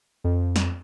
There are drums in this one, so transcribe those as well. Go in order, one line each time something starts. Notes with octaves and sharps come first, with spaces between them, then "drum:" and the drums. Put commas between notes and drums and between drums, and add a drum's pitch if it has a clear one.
F2
drum: snare